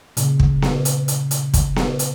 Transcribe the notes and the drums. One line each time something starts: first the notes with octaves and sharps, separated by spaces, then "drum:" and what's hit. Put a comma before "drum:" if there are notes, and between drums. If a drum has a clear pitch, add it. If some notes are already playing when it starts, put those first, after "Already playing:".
A#2 C#3, drum: hi-hat
drum: kick
drum: snare B3
drum: hi-hat
drum: hi-hat
drum: hi-hat
drum: kick, hi-hat
drum: snare B3
drum: hi-hat